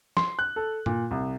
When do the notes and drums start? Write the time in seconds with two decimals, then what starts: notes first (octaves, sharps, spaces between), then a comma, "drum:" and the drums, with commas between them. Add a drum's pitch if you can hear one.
0.17 C6, drum: snare
0.39 F#6
0.56 A4
0.86 A#2, drum: tom G2
1.11 C2